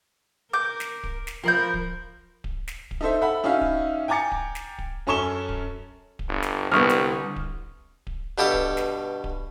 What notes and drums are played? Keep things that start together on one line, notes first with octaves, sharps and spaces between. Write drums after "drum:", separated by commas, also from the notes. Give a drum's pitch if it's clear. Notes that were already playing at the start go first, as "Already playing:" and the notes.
A#4 D6 G6
drum: snare
drum: kick D1
drum: snare
F3 F4 A#4 B5 G6
drum: kick D1
drum: kick D1
drum: snare
drum: kick D1
D#4 A4 C5 E5
A4 E5 F#5 B5
C#4 D#4 F#4 E5 F5
drum: kick D1
G5 G#5 A#5 D6 A6 C#7
drum: kick D1
drum: snare
drum: kick D1
F#2 C#4 A4 C#6 E7 G7
drum: kick D1
drum: kick D1
G1
drum: snare
C2 D3 G3 B3 C#6 D#6 F6
drum: snare
drum: kick D1
drum: kick D1
G2 B2 G4 A4 E5 D#6
drum: kick D1
drum: snare
drum: kick D1